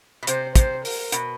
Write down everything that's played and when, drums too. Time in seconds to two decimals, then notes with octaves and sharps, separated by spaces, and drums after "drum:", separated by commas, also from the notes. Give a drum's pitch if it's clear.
0.23 B2
0.27 C3 C5, drum: hi-hat
0.56 C3 C5, drum: kick, hi-hat
0.85 A#4, drum: open hi-hat
1.12 B2, drum: hi-hat